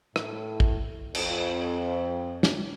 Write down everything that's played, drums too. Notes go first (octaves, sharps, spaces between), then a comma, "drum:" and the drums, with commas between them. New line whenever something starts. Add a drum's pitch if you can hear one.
A2, drum: rim click
drum: kick
F2, drum: cymbal
drum: snare